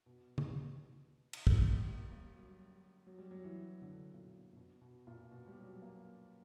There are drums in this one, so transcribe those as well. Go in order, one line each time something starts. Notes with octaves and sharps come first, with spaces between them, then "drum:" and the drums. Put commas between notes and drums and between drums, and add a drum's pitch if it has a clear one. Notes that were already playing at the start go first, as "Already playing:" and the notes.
B2
drum: tom C#3
drum: cymbal
E3, drum: kick
D3
G3
G3
A#3
A#3
G3
F#3
G3
F#3
G3
F#3
E3
D3
A#2
B2
A#2
B2
B2
A#2
B2
G3
F#3
A#3